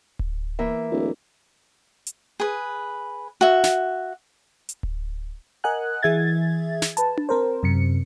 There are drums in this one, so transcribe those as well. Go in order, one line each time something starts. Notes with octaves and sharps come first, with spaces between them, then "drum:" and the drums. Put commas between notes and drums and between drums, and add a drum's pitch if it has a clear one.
drum: kick D1
E3 A#3 E5
D1
drum: hi-hat
G#4 B4
F#4 E5
drum: snare
drum: hi-hat
drum: kick D1
A#4 D#5 F#5 G#5 F#6
E3 G#4 E5 G#6 A6
drum: snare
B4 A5, drum: hi-hat
drum: tom D4
C4 A#4 C5
F#2 C3 C#7